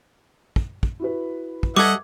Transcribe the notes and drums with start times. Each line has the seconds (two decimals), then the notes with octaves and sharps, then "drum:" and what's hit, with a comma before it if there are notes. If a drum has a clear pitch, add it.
0.56 drum: kick
0.83 drum: kick
1.00 E4 F#4 B4
1.63 drum: kick
1.77 G3 A4 D#5 E5 F#5 D6 G#6